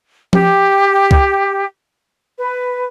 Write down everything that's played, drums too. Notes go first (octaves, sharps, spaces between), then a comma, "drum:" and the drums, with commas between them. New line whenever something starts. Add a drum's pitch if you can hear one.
G4, drum: tom F3
drum: kick C2
B4